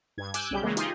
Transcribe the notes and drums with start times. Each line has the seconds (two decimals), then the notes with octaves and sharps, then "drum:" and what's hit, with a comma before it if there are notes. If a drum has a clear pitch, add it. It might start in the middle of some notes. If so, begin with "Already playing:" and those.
0.18 G2 G#6
0.34 G#5 D6 E6 F#6 G6, drum: hi-hat
0.51 B1 C#3 G3 G4 G6
0.62 C#3 E3 G#3 A#3
0.77 D#4 F4 G4 G#4 D#5, drum: hi-hat